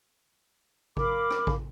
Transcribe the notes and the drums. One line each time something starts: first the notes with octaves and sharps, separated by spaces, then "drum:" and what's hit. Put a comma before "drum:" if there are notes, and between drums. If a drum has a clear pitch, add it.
A#4 F5 B5 D6, drum: kick A1
drum: rim click
drum: kick A1